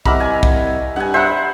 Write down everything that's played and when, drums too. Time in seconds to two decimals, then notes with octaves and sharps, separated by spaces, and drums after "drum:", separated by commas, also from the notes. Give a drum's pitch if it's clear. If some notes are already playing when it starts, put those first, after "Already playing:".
0.05 C2 A#4 D#5 E5 F#5 B5 D6, drum: kick
0.20 G#5
0.43 drum: kick
0.96 G2 F#5 G#5
1.14 C5 E5 F#5 B5